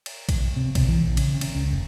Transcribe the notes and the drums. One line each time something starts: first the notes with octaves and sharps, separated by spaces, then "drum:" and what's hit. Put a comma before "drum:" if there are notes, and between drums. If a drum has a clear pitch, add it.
drum: cymbal
drum: kick A#1, cymbal
C3
C3, drum: kick A#1, cymbal
E3
A#1
C#3, drum: cymbal
C#4, drum: cymbal
C#2
F1